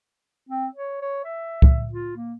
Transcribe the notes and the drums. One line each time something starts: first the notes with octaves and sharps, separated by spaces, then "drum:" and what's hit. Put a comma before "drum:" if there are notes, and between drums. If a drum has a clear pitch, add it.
C4
C#5
C#5
E5
drum: kick C#2
F4
A#3